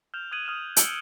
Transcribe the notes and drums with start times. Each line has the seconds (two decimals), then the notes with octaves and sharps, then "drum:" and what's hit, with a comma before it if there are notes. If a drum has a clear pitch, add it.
0.14 F6 G6 E7 F7
0.32 D#6 F#6 G#6 D#7 F#7
0.45 D#6 F6 D#7 E7
0.76 E6 G6 C#7 D7 F#7 G7, drum: hi-hat